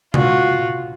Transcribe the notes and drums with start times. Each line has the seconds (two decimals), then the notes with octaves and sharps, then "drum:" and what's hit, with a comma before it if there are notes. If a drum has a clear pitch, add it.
0.14 F4 F#4, drum: tom C3